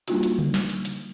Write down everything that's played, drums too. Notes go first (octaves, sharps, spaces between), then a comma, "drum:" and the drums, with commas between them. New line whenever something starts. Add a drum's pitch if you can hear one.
G3 A#3 D4 D#4 F4 F#4, drum: hi-hat
drum: hi-hat
drum: tom C#3
drum: snare
drum: hi-hat
drum: hi-hat